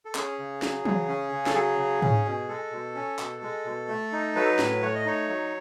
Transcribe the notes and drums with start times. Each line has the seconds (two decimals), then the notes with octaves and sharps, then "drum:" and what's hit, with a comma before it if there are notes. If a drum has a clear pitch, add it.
0.05 A4
0.15 C#4 G#4, drum: clap
0.39 C#3
0.62 F#3, drum: snare
0.85 C#3, drum: tom
1.09 C#4
1.33 C#3
1.46 A4, drum: snare
1.55 F#3 G#4
1.79 C#3
2.02 C#4, drum: tom G#2
2.25 B2
2.49 G#3 A4
2.72 B2
2.95 C#4
3.19 B2, drum: clap
3.42 G#3
3.65 B2
3.89 A3
4.12 D#4
4.35 F#3 B4
4.59 A2, drum: snare
4.82 A3 C#5
4.95 D#5
5.05 D#4 C#5
5.29 F#3